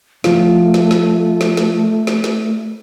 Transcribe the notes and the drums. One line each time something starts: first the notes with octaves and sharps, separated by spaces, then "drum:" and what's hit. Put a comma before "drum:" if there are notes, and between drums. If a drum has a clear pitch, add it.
F3 A3 F4, drum: snare
drum: snare
drum: snare
drum: snare
drum: snare
drum: snare
drum: snare